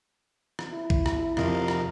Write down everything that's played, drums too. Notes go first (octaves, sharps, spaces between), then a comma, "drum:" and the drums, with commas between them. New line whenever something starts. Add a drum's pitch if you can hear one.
drum: rim click
E4
drum: kick
drum: rim click
F2 C3 F3 A#4 D#5 F5, drum: rim click
drum: rim click